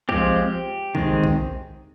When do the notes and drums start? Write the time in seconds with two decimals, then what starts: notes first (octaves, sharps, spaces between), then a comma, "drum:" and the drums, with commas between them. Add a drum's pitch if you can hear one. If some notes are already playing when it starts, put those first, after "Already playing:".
0.09 F3 G#3 C4 G4, drum: kick
0.95 D#3 G#3 C4, drum: kick
1.24 drum: kick